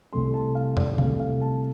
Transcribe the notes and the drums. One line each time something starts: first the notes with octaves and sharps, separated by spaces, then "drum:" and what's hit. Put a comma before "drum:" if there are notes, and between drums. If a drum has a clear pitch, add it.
C2 C3 A3 C6
A5
F5
D5, drum: tom
C2 C3 A3 F5, drum: tom C3
F5
A5